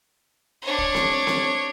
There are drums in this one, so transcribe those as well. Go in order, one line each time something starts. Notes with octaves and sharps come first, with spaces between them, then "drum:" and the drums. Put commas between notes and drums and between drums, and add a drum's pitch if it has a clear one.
D4 C#5
drum: kick
drum: snare C4
drum: snare C4